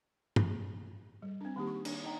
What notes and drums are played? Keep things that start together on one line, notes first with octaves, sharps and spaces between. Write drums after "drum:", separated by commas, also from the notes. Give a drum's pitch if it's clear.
drum: tom
G3
C4 D4
D#3 A#3 D#4 G4
C#6
D4, drum: cymbal
D#4 D#5 F#5 G5 A#5